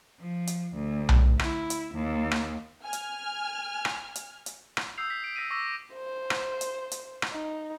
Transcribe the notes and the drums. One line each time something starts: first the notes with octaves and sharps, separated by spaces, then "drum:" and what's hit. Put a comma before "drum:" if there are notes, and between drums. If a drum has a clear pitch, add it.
F3
drum: hi-hat
D2
drum: tom B1
E4, drum: rim click
drum: hi-hat
D#2
drum: rim click
G#5 F6
drum: hi-hat
drum: rim click
drum: hi-hat
drum: hi-hat
drum: rim click
D#6 E6 G6 C7 F7
B6
D7
E6 A#6 B6 D#7
C#6 D6 E6 A#6
C5
drum: rim click
drum: hi-hat
drum: hi-hat
drum: rim click
D#4